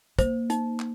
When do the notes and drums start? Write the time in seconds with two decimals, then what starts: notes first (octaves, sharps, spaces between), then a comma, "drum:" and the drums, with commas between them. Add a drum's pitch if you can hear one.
0.19 A#3 C5, drum: kick, hi-hat
0.50 D#4, drum: hi-hat
0.80 drum: clap